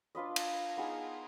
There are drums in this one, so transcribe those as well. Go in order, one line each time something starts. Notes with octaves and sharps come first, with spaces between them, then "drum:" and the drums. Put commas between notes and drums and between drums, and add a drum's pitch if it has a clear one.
D4 F4 B4 D#5
drum: cymbal
B3 D#4 G#4